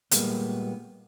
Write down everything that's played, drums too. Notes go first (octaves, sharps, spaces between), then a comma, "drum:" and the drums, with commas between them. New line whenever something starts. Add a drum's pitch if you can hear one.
A#2 G3 G#3 A#3 B3, drum: hi-hat